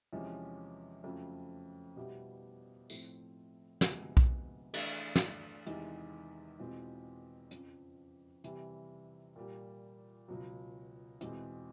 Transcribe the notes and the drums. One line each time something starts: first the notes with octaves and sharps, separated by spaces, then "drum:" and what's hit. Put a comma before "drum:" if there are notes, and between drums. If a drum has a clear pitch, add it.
E2 C3 F3 G#3 C#4
F2 C#3 F#3 A3
B2 G3 B3 E4 G4
A2 F3 A3 C4, drum: tambourine
D2 C3 F3 G#3 B3, drum: snare
drum: kick B1
E3 A3 D4, drum: cymbal
drum: snare
E2 C3 D#3 G#3, drum: hi-hat
E2 B2 G#3 C4 F4
F2 C#3 F3, drum: hi-hat
C3 E3 G3, drum: hi-hat
A#2 G3 A#3
C#2 B2 F#3
E2 B2 G#3 C4, drum: hi-hat